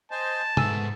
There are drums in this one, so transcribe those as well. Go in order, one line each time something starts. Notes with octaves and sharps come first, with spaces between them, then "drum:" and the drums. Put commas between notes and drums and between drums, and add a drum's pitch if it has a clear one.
C5 D#5 G#5 A5
G#2 A3 B3 G#5 E6, drum: tom